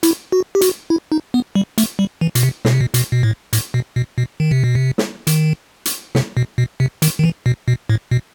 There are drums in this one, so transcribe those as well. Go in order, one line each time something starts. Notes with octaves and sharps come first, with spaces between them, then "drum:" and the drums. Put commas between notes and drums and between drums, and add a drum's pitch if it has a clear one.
E4, drum: hi-hat
F#4
G4
F#4, drum: hi-hat
E4
D#4
B3
G3
A3, drum: hi-hat
G3
E3
B2, drum: hi-hat
C3
B2, drum: snare
C3
B2
B2, drum: hi-hat
B2
A2
A2, drum: hi-hat
B2
B2
B2
D#3
C3
B2
C3
drum: snare
D#3, drum: hi-hat
drum: hi-hat
C3, drum: snare
B2
B2
C3
D#3, drum: hi-hat
D#3
E3
B2
B2
A2
B2